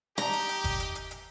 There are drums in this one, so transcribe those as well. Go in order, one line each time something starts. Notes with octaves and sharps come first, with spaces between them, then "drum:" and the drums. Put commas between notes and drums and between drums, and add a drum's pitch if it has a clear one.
D#4 G4 A#5, drum: rim click
drum: hi-hat
drum: hi-hat
drum: kick F#1, hi-hat
drum: hi-hat
drum: hi-hat
drum: hi-hat